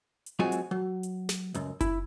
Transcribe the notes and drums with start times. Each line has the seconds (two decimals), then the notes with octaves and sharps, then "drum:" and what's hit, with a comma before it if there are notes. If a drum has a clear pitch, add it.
0.26 drum: hi-hat
0.39 F#3 G#3 C4 F4 F#4 G#5
0.52 drum: hi-hat
0.71 F#3
1.03 drum: hi-hat
1.29 drum: snare
1.54 C#2 F#2, drum: hi-hat
1.81 E4, drum: kick F#1, hi-hat